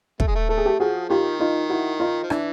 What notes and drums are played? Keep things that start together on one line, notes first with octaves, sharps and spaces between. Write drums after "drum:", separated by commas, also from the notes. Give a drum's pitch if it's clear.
A3, drum: kick
G#3
A3
A3 A4
G#4
G4 A4
F3 F#4 G#4
D#3 F4 G4
D#4 F4
E4 F#4
D#4 F4
F3
E3 D4 E4, drum: rim click